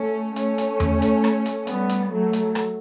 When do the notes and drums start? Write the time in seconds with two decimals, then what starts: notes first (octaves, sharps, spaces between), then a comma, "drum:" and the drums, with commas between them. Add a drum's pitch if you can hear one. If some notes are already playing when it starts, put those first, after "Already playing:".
Already playing: A3 C#4
0.36 A3 C#4, drum: hi-hat
0.58 drum: hi-hat
0.80 drum: tom E2
1.02 drum: hi-hat
1.24 drum: rim click
1.46 drum: hi-hat
1.67 G3 B3, drum: hi-hat
1.89 drum: hi-hat
2.11 F#3 A3
2.33 drum: hi-hat
2.55 drum: rim click